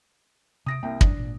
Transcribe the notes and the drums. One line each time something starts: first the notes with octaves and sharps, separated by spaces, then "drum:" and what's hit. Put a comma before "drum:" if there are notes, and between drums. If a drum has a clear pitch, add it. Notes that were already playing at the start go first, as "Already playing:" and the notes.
C3 D#6 A#6 D7
C2 A#3 G5
E1 F#2 D4, drum: kick
G#1 A#2